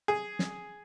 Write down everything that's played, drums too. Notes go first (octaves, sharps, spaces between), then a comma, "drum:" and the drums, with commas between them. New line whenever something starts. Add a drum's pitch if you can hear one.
G#4
drum: snare